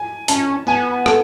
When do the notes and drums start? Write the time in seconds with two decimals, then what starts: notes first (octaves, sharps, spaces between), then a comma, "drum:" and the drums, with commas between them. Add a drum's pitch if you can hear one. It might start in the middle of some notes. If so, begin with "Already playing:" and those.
Already playing: G#5
0.28 C#4 A5, drum: hi-hat
0.67 B3 G#5
1.06 A4, drum: rim click